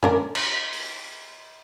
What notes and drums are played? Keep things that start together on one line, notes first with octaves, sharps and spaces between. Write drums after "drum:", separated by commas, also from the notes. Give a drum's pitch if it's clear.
C#4 D4 A#4, drum: tom F#2
drum: cymbal
drum: open hi-hat